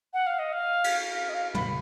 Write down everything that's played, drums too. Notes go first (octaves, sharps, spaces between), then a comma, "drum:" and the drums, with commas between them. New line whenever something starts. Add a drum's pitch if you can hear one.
F#5
F5
D#5
F5
drum: cymbal
F5
D#5
F5
B5, drum: tom